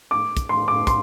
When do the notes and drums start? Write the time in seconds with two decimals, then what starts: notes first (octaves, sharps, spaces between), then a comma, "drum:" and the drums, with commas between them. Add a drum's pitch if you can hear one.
0.11 D6
0.37 drum: kick, hi-hat
0.49 C6
0.68 D6
0.87 C6, drum: kick, hi-hat